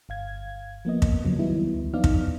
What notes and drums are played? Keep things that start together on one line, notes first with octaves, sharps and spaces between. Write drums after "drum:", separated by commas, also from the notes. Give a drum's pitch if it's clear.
G1 F5 G#6
F3 A#3 B3 D#5
drum: kick
C#3 F3 F#3 A#3
D#3 F#3 G3 B3 E4
D2
F3 B3 D#4 D5 F5 F6
drum: kick